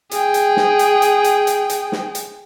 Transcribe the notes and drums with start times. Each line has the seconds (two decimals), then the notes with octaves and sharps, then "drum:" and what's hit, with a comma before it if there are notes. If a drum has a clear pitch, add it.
0.11 G#4 G5, drum: hi-hat
0.34 drum: hi-hat
0.57 drum: snare
0.79 drum: hi-hat
1.02 drum: hi-hat
1.24 drum: hi-hat
1.47 drum: hi-hat
1.70 drum: hi-hat
1.92 drum: snare
2.15 drum: hi-hat